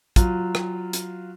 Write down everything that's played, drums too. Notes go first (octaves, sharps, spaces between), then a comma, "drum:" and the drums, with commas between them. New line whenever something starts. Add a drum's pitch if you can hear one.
F#3 F4, drum: kick, hi-hat
drum: rim click
drum: hi-hat